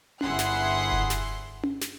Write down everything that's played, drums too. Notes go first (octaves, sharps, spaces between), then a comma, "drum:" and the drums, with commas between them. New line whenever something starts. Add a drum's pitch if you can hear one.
G1 E4 G#4 F#5 C6 F#6, drum: tom C#4
drum: snare
drum: kick F1
drum: snare
drum: tom C#4
drum: snare